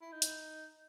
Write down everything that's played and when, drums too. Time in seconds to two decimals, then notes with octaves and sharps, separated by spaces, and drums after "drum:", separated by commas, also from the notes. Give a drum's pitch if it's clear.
0.02 E4
0.12 D#4
0.22 drum: hi-hat